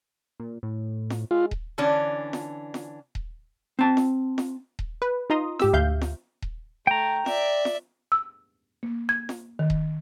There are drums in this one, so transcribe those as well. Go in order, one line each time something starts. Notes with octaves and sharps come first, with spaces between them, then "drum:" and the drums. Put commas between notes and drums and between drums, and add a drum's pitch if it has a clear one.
A#2
A2
drum: snare
G#3 F4
drum: kick D#1
D3 E3 C#4 D4
drum: snare
drum: snare
drum: kick D#1
C4 A5
drum: snare
drum: snare
drum: kick D#1
B4
D#4 F4 A#5 C6 D#6
G#2 G4 E6, drum: snare
D2 E5 F5 G6
drum: snare
drum: kick D#1
A3 G5 A#5
D5 E5, drum: snare
drum: snare
E6
A#3
G#6
drum: snare
D#3
drum: kick D#1